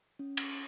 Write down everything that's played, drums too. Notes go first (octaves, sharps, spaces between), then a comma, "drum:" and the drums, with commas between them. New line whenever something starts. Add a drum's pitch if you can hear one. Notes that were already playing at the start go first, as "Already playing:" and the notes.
C#4
drum: cymbal